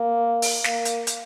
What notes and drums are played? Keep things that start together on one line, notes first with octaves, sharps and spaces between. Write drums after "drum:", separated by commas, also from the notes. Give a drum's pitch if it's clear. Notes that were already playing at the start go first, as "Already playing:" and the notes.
Already playing: A#3
drum: open hi-hat
A#3, drum: snare
drum: hi-hat
drum: hi-hat